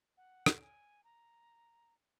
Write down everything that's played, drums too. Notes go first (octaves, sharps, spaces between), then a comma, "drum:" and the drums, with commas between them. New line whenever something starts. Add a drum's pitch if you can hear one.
F#5
drum: rim click
G#5
A#5